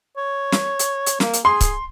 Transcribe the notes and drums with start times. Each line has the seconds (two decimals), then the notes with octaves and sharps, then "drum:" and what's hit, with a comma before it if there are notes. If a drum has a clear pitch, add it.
0.17 C#5
0.52 drum: snare
0.79 drum: hi-hat
1.06 drum: hi-hat
1.20 A#3, drum: snare
1.34 drum: hi-hat
1.45 G#4 C6
1.61 drum: kick C#1, hi-hat